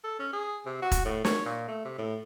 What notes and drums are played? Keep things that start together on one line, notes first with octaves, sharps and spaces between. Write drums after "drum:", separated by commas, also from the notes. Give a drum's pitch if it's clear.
A4
C#4
G#4
C3
F#4
drum: kick E1, hi-hat
A2
C#5, drum: snare
A#2
A3
C3
A2